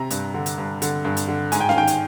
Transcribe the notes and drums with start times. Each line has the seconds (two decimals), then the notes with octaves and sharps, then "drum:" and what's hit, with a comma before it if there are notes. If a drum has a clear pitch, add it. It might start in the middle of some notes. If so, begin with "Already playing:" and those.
Already playing: C3 A#5
0.10 G2, drum: hi-hat
0.34 D3
0.46 drum: hi-hat
0.58 G2
0.82 D3, drum: hi-hat
1.05 G2
1.17 drum: hi-hat
1.28 D3
1.52 G#2 G#5, drum: hi-hat
1.60 G5
1.69 F5, drum: snare C#4
1.76 D#3 G5
1.87 drum: hi-hat